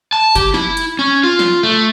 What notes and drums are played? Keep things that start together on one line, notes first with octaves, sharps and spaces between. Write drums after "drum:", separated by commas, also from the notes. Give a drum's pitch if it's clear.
A5
G4, drum: kick F#1, hi-hat
E4, drum: snare
drum: hi-hat
C#4
F4
drum: snare
A3